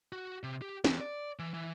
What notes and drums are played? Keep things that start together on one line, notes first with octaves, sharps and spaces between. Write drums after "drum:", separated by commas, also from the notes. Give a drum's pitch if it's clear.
F#4
C3
G4
E2, drum: snare
D5
E3
E3